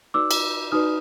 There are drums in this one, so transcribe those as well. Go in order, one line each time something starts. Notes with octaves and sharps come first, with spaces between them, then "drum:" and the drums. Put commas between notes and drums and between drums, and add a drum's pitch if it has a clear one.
D#4 F#4 B4 D5 D6 E6
drum: cymbal
D#4 F#4 B4 D5 D#6 F6